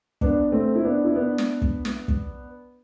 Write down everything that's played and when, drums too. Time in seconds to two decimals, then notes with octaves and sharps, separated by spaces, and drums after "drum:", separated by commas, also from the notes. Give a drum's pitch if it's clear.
0.21 B3 D4, drum: kick
0.52 A3 C4
0.75 E4
0.83 B3 D4
1.05 E4
1.15 B3 D4
1.38 drum: snare
1.62 drum: kick
1.85 drum: snare
2.08 drum: kick